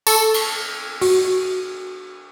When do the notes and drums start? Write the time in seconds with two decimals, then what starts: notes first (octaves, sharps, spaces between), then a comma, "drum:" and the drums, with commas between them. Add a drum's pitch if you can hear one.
0.07 A4 C#6, drum: tambourine
0.34 drum: cymbal
1.01 F#4, drum: open hi-hat